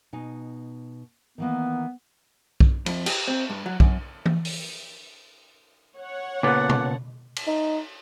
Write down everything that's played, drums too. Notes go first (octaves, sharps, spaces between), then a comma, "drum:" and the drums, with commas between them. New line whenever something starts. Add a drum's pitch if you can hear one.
B2 D#4 G#5
D#3 E3 A#3 B3
drum: kick B1
F2, drum: cymbal
G4, drum: cymbal
C4
G2
F#3
F#2, drum: kick B1
drum: tom E3
drum: open hi-hat
C#5 F#5
A#2 C#3 B3 A4 D6 F#6
drum: tom B2
drum: cymbal
D#4